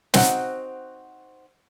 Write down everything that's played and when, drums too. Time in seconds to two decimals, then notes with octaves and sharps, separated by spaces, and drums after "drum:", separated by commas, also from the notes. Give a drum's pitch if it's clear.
0.14 C4 D#4 F#4 F#5, drum: snare